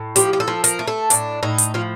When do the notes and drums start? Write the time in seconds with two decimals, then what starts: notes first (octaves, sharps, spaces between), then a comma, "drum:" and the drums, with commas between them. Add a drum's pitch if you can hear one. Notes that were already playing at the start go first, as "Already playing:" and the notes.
Already playing: A2
0.16 F3 G4, drum: hi-hat
0.33 G4
0.40 A4
0.48 F3
0.64 A#4, drum: hi-hat
0.79 A3
0.87 A4
1.10 A2 D4, drum: hi-hat
1.43 A2 D#4
1.58 drum: hi-hat
1.74 F3 F4